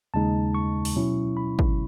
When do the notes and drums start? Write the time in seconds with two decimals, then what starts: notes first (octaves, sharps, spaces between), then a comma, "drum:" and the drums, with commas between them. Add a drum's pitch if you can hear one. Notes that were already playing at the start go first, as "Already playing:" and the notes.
0.14 D#2 C#3 G#3 D#4 A5
0.55 C#6
0.85 drum: open hi-hat
0.96 B2 F#3 C#4 E4
1.37 B5
1.59 drum: kick